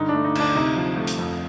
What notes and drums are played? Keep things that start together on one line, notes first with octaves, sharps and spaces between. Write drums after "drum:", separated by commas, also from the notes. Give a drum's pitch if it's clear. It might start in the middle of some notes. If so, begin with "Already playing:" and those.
Already playing: G2 D3 D#4
A3 D4
D#4
D2 D4, drum: cymbal
C3 D#4
F3
A3
drum: hi-hat
F2